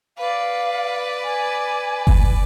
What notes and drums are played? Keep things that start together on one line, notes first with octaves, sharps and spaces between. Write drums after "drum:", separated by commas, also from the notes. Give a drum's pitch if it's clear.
B4 D5 F5
G#5
drum: kick F#1